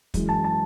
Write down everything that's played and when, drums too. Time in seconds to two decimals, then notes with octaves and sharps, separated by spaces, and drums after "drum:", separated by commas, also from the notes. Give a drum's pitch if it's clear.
0.14 F#2 E3 G#3, drum: kick, hi-hat
0.29 A5
0.44 A5